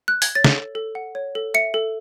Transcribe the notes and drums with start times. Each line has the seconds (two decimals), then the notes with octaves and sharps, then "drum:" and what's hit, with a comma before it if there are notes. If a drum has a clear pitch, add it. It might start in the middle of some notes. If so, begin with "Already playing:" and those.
0.08 F#6
0.22 G#6, drum: open hi-hat
0.35 C#5 A6
0.44 drum: snare
0.56 A4
0.75 A4
0.95 F#5
1.15 C#5
1.35 A4
1.54 E5 C#7
1.74 A4